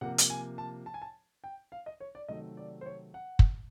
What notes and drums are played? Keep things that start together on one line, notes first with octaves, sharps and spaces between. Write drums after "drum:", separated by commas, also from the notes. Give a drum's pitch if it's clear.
C3 F3 A#3 F#5
drum: hi-hat
G#5
A5
A5
G#5
A5
G5
F5
D#5
C#5
D5
C3 D#3 F#3 A3 C4 D#5
D5
C5
C#5
F#5
drum: kick